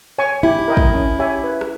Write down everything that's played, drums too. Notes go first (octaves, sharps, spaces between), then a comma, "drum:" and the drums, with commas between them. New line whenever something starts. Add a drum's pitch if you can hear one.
C#5 G#5 C#6
E4 G4
A#4 D#5 G5
drum: kick
C#4
G4 C#5 E5 G#5
B4
drum: rim click